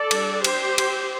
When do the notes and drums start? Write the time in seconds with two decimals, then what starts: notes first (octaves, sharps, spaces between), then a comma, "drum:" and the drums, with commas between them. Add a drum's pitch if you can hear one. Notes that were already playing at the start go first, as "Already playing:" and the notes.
Already playing: A4 D5
0.11 G3 D4, drum: cymbal
0.44 G4 C5, drum: cymbal
0.78 drum: cymbal